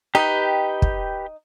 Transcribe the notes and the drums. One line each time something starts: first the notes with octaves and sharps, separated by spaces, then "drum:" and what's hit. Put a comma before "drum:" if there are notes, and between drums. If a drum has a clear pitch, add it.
D#4 G4 B4 G5
drum: kick